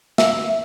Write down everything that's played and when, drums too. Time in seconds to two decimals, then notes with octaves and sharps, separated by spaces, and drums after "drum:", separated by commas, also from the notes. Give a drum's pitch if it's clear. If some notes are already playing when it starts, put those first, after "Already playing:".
0.18 E5, drum: snare